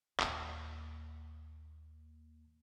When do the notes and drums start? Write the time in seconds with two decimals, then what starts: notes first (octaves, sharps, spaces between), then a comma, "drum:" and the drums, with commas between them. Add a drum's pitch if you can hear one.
0.20 D#2 A#2, drum: clap